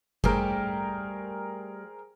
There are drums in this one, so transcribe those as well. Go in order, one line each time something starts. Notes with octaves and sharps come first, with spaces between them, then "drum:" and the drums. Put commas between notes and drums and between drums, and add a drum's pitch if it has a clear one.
G3 A3 G4 G#4 A#4 C5, drum: kick G1